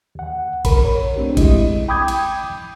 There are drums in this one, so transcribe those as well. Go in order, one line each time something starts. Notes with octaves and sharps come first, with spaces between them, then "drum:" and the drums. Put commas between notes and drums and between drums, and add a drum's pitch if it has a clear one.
D#2 F#5
D2 A#4 B5, drum: kick, cymbal
C#5
A3 C4 D4 G4
G#3 E4 D#5, drum: kick, cymbal
G5 B5 D6 D#6 G6 G#6
drum: cymbal